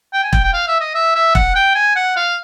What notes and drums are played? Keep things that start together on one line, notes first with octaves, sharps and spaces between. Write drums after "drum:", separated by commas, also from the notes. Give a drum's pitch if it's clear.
G5
G#5
G5, drum: kick E1
G5
F5
E5
D#5
E5
E5
F#5, drum: kick E1
G5
G#5
F#5
F5